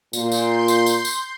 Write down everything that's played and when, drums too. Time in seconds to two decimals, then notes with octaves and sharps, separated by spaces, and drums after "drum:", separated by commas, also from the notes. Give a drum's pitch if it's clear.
0.13 A#2 C6 G6, drum: tambourine
0.32 drum: tambourine
0.68 drum: tambourine
0.86 drum: tambourine
1.05 drum: tambourine